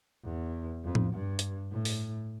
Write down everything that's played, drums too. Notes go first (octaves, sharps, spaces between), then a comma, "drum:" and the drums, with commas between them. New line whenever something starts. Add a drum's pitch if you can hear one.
E2
F2
drum: tom A2
G2
drum: hi-hat
A2
drum: open hi-hat